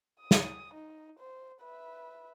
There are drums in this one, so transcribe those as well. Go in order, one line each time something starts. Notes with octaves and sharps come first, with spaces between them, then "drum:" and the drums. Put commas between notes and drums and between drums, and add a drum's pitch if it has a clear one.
D#6
drum: snare
D#4
C5
B4 E5